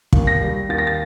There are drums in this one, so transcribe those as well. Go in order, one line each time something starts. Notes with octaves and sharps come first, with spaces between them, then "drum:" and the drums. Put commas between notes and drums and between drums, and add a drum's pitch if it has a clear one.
D#2, drum: kick
A#6
G3
D#2 A6
A#6
A6